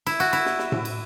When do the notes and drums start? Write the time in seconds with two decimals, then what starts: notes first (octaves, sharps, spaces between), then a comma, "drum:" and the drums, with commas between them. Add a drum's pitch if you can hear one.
0.06 E4, drum: cymbal
0.20 F#4, drum: cymbal
0.33 E4, drum: cymbal
0.46 drum: snare
0.59 drum: snare
0.72 drum: tom A2
0.85 drum: cymbal